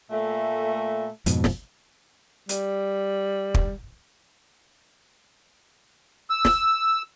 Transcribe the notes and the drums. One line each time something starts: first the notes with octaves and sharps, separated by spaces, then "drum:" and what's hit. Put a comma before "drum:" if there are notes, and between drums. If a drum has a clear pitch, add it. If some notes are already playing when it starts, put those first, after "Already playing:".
A#2 A3
F2 G#2 B2, drum: hi-hat
drum: snare
G3, drum: hi-hat
drum: kick
E6
drum: snare